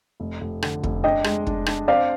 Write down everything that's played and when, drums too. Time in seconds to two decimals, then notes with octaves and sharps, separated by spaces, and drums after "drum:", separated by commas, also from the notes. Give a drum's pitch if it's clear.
0.20 F1
0.41 F1
0.62 D3, drum: rim click
0.83 F1, drum: kick
1.04 D4 D#5 G5
1.24 G#3, drum: rim click
1.47 D4, drum: kick
1.66 D4, drum: rim click
1.88 C4 D5 F5